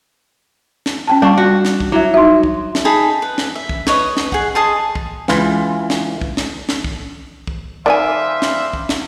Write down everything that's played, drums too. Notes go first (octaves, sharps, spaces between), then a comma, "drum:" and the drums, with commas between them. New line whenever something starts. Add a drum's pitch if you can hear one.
drum: snare
C#4 G5 A5
G3 D4 F4 C#6
F#4
drum: snare
drum: kick
F#3 E4 E5
D#4 F#4 E5 C6
drum: kick
drum: snare
D#4 G#4 A5 B5
B4
drum: snare
E5
drum: kick
B4 C#5 D#5, drum: snare
drum: snare
G#4 F#5, drum: kick
G#4 D#5 A5 C6
drum: kick
C#2 E3 F4, drum: snare
drum: snare
drum: kick
drum: snare
drum: snare
drum: kick
drum: kick
D#3 G3 G#4 C5 D5 E5 F5 G#5
drum: snare
drum: kick
drum: snare